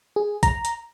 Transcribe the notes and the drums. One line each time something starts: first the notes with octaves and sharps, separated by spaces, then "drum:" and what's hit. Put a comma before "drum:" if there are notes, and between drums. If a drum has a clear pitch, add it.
G#4
A#5, drum: kick, hi-hat
drum: hi-hat